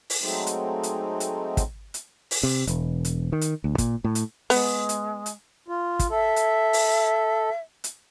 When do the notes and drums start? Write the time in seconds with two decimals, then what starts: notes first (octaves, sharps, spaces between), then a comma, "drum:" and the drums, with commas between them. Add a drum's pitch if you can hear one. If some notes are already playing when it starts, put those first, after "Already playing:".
0.10 drum: open hi-hat
0.21 F#3 G#3 A3 C4 D#4
0.47 drum: hi-hat
0.83 drum: hi-hat
1.20 drum: hi-hat
1.57 drum: kick, hi-hat
1.94 drum: hi-hat
2.31 drum: open hi-hat
2.43 C3
2.67 E1, drum: hi-hat
3.05 drum: hi-hat
3.32 D#3
3.41 drum: hi-hat
3.64 D2
3.78 A#2, drum: kick, hi-hat
4.04 A2
4.15 drum: hi-hat
4.50 G#3 B3, drum: open hi-hat
4.89 drum: hi-hat
5.26 drum: hi-hat
5.68 F4
5.99 drum: kick, hi-hat
6.11 A4 E5
6.36 drum: hi-hat
6.73 drum: open hi-hat
7.84 drum: hi-hat